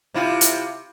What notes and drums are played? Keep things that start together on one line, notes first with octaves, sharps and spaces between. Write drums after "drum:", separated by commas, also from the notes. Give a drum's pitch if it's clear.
C3 E4 F4
drum: hi-hat